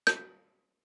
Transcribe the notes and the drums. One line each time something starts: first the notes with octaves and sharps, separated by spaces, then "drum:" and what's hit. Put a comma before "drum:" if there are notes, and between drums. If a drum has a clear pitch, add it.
G6, drum: rim click